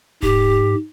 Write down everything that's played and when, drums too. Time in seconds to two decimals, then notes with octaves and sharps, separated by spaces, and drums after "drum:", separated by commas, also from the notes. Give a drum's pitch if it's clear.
0.23 G#2 G4, drum: kick D#1